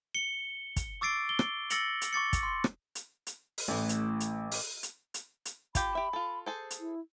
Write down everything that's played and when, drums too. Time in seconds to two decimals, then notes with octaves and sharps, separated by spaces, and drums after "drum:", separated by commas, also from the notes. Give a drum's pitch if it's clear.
0.15 C#7 G7
0.76 drum: kick, hi-hat
1.01 C#6 D6 E6 A6 C7 D7
1.29 G7
1.39 drum: rim click
1.70 E6 A6 A#6 C#7 F#7, drum: hi-hat
2.02 drum: hi-hat
2.13 C#6 D6 A6 C#7
2.33 drum: kick, hi-hat
2.43 C6
2.64 drum: rim click
2.95 drum: hi-hat
3.27 drum: hi-hat
3.58 drum: open hi-hat
3.68 A1 E3 A3
3.89 drum: hi-hat
4.20 drum: hi-hat
4.52 drum: open hi-hat
4.83 drum: hi-hat
5.14 drum: hi-hat
5.45 drum: hi-hat
5.75 F4 G4 B5, drum: kick, hi-hat
5.95 G4 E5
6.13 F4 A4
6.46 G#4 A4 C5
6.71 drum: hi-hat
6.80 E4